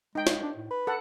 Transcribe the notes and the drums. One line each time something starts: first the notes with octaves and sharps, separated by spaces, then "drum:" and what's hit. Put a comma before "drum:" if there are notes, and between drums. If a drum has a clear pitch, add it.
G#3 D#4 G5
drum: snare
D4
A2
B4
A4 F#5